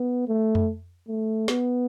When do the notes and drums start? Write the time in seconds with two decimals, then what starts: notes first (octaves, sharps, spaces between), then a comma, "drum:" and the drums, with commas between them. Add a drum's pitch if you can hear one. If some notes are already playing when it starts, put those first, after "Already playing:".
Already playing: B3
0.28 A3
0.55 drum: tom F2
1.08 A3
1.48 B3, drum: snare